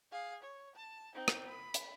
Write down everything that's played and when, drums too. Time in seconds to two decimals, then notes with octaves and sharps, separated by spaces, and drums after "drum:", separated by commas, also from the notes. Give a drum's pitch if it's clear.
0.12 G#4 F5
0.43 C#5
0.75 A5
1.14 C4 D#4
1.28 drum: rim click
1.47 B5
1.74 drum: hi-hat